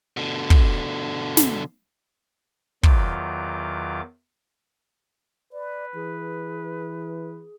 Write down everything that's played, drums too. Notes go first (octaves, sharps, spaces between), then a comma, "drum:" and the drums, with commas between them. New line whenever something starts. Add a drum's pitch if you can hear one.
B2 D3
drum: kick
drum: snare
E2 D#3 F#3 F4 D6, drum: kick
B4 D5
E3 G#4